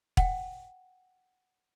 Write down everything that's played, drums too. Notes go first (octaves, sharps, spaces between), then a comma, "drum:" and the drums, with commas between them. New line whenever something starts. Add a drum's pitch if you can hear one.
F#5 G5, drum: kick E1